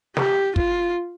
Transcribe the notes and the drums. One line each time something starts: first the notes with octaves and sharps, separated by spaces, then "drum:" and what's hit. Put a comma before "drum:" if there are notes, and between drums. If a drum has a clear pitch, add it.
G4, drum: snare
F4, drum: kick